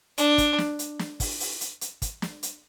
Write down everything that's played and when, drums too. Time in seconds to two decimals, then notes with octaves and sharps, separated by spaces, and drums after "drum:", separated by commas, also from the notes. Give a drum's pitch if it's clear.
0.18 D4, drum: hi-hat
0.38 drum: kick, hi-hat
0.58 drum: snare
0.79 drum: hi-hat
0.99 drum: snare
1.20 drum: kick, open hi-hat
1.40 drum: open hi-hat
1.61 drum: hi-hat
1.81 drum: hi-hat
2.02 drum: kick, hi-hat
2.22 drum: snare
2.43 drum: hi-hat